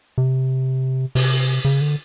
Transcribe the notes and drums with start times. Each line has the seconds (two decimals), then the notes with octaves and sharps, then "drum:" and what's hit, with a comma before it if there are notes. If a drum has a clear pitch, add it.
0.18 C3
1.15 C3, drum: open hi-hat
1.65 C#3
1.81 D3